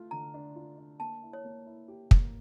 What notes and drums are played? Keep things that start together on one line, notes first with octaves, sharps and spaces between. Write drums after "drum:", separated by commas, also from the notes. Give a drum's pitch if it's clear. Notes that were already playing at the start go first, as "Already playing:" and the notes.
Already playing: A3 F4
D3 A#5
D4
F4
D4
A#3 A5
E4
C#5
A#3
E4
G4
A#3, drum: kick